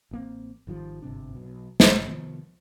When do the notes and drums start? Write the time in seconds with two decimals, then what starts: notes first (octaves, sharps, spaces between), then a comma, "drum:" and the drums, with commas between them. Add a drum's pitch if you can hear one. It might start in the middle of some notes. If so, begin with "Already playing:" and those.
0.11 A1 A#3 C4
0.67 G#1 D#3 F3 G3
1.02 G1 G#2 C3 D4
1.35 B1 B2
1.80 F#1 B1, drum: snare
2.07 C2 D#3 F3 B3